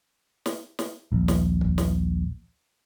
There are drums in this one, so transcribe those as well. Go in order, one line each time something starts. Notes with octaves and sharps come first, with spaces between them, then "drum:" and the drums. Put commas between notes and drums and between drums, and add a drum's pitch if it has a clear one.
drum: snare
drum: snare
D#1 A#1
drum: snare
drum: kick
drum: snare